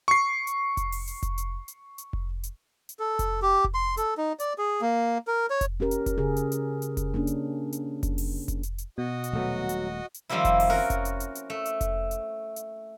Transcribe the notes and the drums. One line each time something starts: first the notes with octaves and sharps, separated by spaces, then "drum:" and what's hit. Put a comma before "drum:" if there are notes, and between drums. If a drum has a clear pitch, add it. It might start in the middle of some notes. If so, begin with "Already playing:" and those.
C#6 C7
drum: hi-hat
drum: kick F1, hi-hat
drum: open hi-hat
drum: hi-hat
drum: kick F1, hi-hat
drum: hi-hat
drum: hi-hat
drum: hi-hat
drum: kick F1
drum: hi-hat
drum: hi-hat
A4
drum: kick F1, hi-hat
G4
drum: kick F1
C6
A4, drum: hi-hat
D#4
D5, drum: hi-hat
G#4
A#3
A#4
C#5
drum: kick F1, hi-hat
C#4 G4 A#4
drum: hi-hat
drum: kick F1, hi-hat
C#3 G#4
drum: hi-hat
drum: hi-hat
drum: hi-hat
drum: kick F1, hi-hat
A#3 C#4 D4
drum: hi-hat
drum: hi-hat
drum: kick F1, hi-hat
drum: open hi-hat
drum: kick F1, hi-hat
drum: hi-hat
drum: hi-hat
B2 F#4 D#5 D#6
drum: hi-hat
D#1 F#3 A3 B3
drum: hi-hat
drum: hi-hat
D#3 F3 G3 A#3 C4 E4
drum: kick F1, hi-hat
drum: open hi-hat
C#4 F#4 A#4
drum: kick F1, hi-hat
drum: hi-hat
drum: hi-hat
drum: hi-hat
A3
drum: hi-hat
drum: kick F1, hi-hat
drum: hi-hat
drum: hi-hat